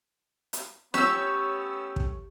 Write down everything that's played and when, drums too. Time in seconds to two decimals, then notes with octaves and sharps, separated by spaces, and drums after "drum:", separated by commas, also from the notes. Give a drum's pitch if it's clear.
0.53 drum: hi-hat
0.94 A3 B3 C#4 G4 C#5 E6, drum: snare
1.96 drum: kick